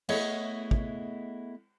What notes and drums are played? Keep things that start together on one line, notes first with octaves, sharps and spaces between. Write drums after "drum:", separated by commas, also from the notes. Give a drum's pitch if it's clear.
A3 B3 E4 G#4 C#5 D#5, drum: cymbal
drum: kick